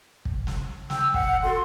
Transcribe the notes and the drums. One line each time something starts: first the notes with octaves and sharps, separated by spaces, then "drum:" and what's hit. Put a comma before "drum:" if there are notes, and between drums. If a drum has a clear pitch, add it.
drum: kick
drum: snare
G5 E6, drum: snare
F#5, drum: kick
F#4 A4 C6